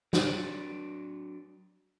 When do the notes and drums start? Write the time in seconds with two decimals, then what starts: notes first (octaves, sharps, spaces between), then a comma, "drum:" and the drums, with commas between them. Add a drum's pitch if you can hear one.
0.13 F#3 D4 D5, drum: snare